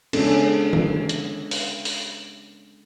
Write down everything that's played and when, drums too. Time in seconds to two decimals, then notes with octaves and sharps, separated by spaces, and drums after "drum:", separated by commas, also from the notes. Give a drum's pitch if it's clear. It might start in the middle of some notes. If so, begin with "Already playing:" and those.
0.13 G#3 B3 C#4 D4 G#4 A4, drum: cymbal
0.73 drum: tom D3
1.09 drum: hi-hat
1.51 drum: open hi-hat
1.85 drum: open hi-hat